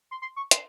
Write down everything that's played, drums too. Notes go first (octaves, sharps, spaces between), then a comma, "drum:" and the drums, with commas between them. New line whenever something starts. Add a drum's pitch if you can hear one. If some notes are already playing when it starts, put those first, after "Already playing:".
C6
C6
C#6
C6, drum: hi-hat